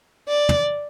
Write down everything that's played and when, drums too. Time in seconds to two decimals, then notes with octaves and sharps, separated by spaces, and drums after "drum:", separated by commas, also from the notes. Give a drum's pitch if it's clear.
0.29 D5
0.49 drum: tom